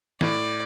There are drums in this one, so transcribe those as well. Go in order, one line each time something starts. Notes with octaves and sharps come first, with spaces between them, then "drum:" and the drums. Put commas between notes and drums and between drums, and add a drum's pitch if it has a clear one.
A2 D5, drum: snare